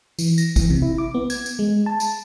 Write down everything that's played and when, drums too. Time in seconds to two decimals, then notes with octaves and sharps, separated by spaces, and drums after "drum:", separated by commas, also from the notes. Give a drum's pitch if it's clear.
0.19 E3, drum: tambourine
0.38 A#6, drum: tambourine
0.56 E3, drum: kick A1, tambourine
0.70 C3
0.82 E4
0.98 D6
1.14 B3
1.30 G#6, drum: tambourine
1.46 drum: tambourine
1.59 G#3
1.86 A5
2.00 drum: tambourine